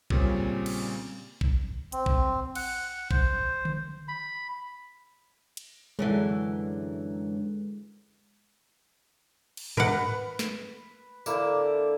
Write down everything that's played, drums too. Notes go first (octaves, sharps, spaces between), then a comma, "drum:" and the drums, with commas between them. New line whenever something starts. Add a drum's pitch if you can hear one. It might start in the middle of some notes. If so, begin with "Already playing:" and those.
A#2 C#3 G3 C4 C#4, drum: kick
drum: cymbal
drum: kick
C4, drum: hi-hat
drum: kick
F#5, drum: cymbal
C5, drum: kick
drum: tom D3
B5
drum: cymbal
F#2 D3 E3 G#3
drum: cymbal
A#4 B4 F#5, drum: tom G#2
drum: snare
D3 A#3 E4 D6, drum: tambourine